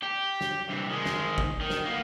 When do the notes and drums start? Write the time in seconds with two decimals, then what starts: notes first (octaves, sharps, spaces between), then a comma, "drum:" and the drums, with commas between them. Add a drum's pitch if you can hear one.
0.03 G4
0.41 drum: snare
0.69 G2 C3
0.89 D#3 G#3
1.05 drum: snare
1.38 drum: kick
1.61 D#3
1.70 drum: snare
1.85 A#3 B3